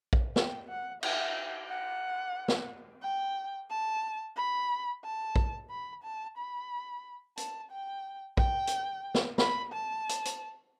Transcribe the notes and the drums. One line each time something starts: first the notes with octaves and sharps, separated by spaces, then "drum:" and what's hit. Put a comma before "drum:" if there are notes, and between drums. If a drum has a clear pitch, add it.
drum: kick
G5, drum: snare
F#5
E5, drum: cymbal
F#5
drum: snare
G5
A5
B5
A5
drum: kick
B5
A5
B5
A5, drum: hi-hat
G5
G5, drum: kick
drum: hi-hat
drum: snare
B5, drum: snare
A5
drum: hi-hat
drum: hi-hat